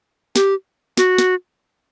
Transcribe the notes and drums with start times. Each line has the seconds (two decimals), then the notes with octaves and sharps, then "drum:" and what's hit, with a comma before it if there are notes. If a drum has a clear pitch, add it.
0.36 G4, drum: snare
0.97 F#4, drum: snare
1.18 drum: snare